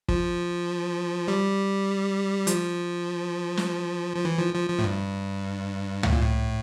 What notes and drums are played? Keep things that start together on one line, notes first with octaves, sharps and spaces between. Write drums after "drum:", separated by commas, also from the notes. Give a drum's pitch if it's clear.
F3, drum: kick G1
G3
F3, drum: hi-hat
drum: snare
F3
E3
F3
F3
F3
A2
G2
A2, drum: tom C#2
A#2
A2